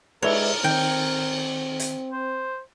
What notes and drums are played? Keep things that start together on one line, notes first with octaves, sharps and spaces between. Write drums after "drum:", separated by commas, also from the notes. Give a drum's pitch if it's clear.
G#3 A#4 B4 C#5 D5 E5, drum: cymbal
D#3 C4 G5 G6
drum: hi-hat
C5